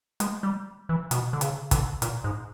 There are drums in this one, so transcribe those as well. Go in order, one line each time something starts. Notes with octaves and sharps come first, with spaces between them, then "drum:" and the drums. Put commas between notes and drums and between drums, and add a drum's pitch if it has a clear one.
G#3, drum: hi-hat
G3
E3
B2, drum: hi-hat
D3
C#3, drum: hi-hat
D3, drum: kick, hi-hat
A#2, drum: hi-hat
G#2